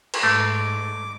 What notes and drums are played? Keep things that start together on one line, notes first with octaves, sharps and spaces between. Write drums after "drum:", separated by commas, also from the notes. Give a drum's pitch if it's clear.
drum: cymbal
G#2 A3 D6